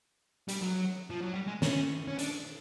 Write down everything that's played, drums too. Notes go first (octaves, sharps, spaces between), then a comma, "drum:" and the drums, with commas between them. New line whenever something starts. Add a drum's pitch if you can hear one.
G3, drum: hi-hat
F#3
F3
F#3
G3
G#3
C#4, drum: snare
C#4
D4, drum: hi-hat